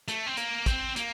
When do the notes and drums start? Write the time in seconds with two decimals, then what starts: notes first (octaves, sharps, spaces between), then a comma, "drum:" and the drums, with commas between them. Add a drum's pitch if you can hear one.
0.08 A3, drum: hi-hat
0.26 C4
0.37 A#3, drum: hi-hat
0.66 C4, drum: kick, hi-hat
0.96 A#3, drum: hi-hat